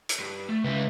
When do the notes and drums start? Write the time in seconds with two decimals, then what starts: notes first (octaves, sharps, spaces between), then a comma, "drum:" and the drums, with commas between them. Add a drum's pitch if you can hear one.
0.09 drum: hi-hat
0.20 G2
0.49 A3
0.64 C#2 B4 E5